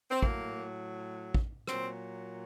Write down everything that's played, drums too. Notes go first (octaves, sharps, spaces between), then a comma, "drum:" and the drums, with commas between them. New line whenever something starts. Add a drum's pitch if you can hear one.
C4
A2 F#3 A#3, drum: kick
drum: kick
A#2 F#3 C4, drum: rim click